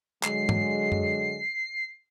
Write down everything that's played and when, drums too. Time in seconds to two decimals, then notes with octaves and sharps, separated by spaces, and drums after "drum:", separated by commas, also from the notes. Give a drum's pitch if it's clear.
0.23 D3 F#3 G#3 C7, drum: clap
0.49 drum: tom G#2
0.92 drum: tom F#2